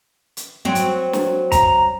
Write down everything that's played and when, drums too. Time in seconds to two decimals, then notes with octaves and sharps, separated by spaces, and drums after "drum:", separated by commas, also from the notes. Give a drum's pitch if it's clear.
0.37 drum: hi-hat
0.65 F#3 C4
0.75 drum: hi-hat
1.13 drum: snare
1.52 A#5, drum: kick, hi-hat